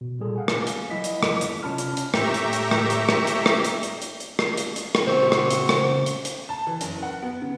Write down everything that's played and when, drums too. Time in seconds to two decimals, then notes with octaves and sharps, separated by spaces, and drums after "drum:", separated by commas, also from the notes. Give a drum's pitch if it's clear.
0.01 B2
0.19 A#2 G3 G#4 A4
0.36 F5 F#5 G#5
0.48 drum: rim click
0.67 drum: hi-hat
0.90 F3 F#3 E4 D#5 B6
1.04 drum: hi-hat
1.23 drum: rim click
1.41 drum: hi-hat
1.63 C3 C#4 F4 A5 B5 F6
1.78 drum: hi-hat
1.97 drum: hi-hat
2.14 A2 G4 E5 A#5 C#6 G6, drum: rim click
2.34 drum: hi-hat
2.53 drum: hi-hat
2.71 drum: rim click
2.90 drum: hi-hat
3.09 drum: rim click
3.27 drum: hi-hat
3.46 drum: rim click
3.64 drum: hi-hat
3.83 drum: hi-hat
4.02 drum: hi-hat
4.20 drum: hi-hat
4.39 drum: rim click
4.57 drum: hi-hat
4.76 drum: hi-hat
4.95 drum: rim click
5.07 C#3 C4 C#4 F#4 G4 C5 C#5 C#6
5.32 drum: rim click
5.51 drum: hi-hat
5.69 drum: rim click
6.06 drum: hi-hat
6.25 drum: hi-hat
6.49 A5
6.67 E3
6.81 F#1, drum: hi-hat
7.02 F#5
7.22 B3
7.42 C#3